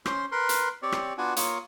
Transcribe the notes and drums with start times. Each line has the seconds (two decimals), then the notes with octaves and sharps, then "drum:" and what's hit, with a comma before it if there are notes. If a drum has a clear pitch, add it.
0.06 C#4 C5 C6, drum: rim click
0.32 A#4 B4 C6
0.49 drum: hi-hat
0.82 C4 G4 C#5 D5
0.92 drum: rim click
1.18 B3 D4 F4 F#4 F#5 G#5
1.37 A#3 F4 C#5 D#6, drum: hi-hat